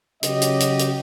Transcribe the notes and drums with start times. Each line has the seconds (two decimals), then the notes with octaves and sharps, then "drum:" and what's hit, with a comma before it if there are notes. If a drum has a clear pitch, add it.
0.23 C#3 F#3 G4 D#5, drum: hi-hat
0.42 drum: hi-hat
0.60 drum: hi-hat
0.79 drum: hi-hat